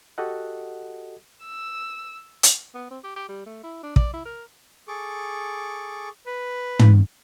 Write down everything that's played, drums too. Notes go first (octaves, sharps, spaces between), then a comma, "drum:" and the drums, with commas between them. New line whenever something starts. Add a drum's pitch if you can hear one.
F#4 G4 A4 D#5 F#5
E6
drum: hi-hat
B3
C4
G4
G4
G3
A3
E4
D4
D5, drum: kick
E4
A#4
G#4 A4 C#6 D6
B4
drum: tom